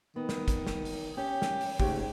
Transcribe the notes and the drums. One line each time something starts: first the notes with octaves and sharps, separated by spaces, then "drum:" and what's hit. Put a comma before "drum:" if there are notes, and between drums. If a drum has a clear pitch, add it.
D#3 B3
drum: snare
drum: kick, hi-hat
drum: snare
drum: open hi-hat
C#4 G4
drum: snare
drum: open hi-hat
G#2 C#3 A3 G4, drum: kick